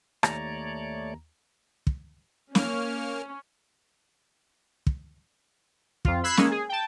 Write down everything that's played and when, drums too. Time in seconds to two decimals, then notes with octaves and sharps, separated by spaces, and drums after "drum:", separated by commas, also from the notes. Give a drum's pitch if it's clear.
0.23 D#2 A3 C#5 D5 A#5, drum: rim click
1.87 drum: kick
2.55 A#3 C#4 F6, drum: snare
4.87 drum: kick
6.05 F2 F4, drum: kick
6.23 B5 E6 F#6 G#6 C7
6.37 G#3 A#3 C#4, drum: snare
6.51 G#4
6.69 G5 A5